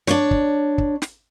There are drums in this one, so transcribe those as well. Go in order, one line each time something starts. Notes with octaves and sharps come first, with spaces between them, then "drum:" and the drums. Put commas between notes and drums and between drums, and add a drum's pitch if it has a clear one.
D4 C#5, drum: snare
drum: kick
drum: kick
drum: snare